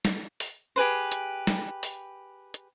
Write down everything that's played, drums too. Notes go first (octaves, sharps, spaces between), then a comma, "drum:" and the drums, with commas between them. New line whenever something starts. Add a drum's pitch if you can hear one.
drum: snare
drum: open hi-hat
G4 G#4 B4 C5
drum: hi-hat
drum: snare
drum: open hi-hat
drum: hi-hat